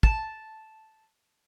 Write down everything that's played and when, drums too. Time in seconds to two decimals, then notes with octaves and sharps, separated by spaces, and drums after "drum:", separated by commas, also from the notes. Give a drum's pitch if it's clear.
0.03 A5, drum: kick